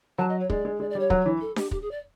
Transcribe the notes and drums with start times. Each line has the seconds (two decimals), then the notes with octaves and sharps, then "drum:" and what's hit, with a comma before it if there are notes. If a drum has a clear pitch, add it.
0.18 F#3 A5
0.29 D#5
0.40 C#5
0.50 G#3 D5, drum: kick
0.65 G#3
0.80 G#3 D5
0.90 D5
0.95 G3 C#5
1.10 F#3, drum: kick
1.26 E3
1.41 A4
1.56 G4, drum: snare D4
1.71 G4, drum: kick
1.82 G#4
1.91 D5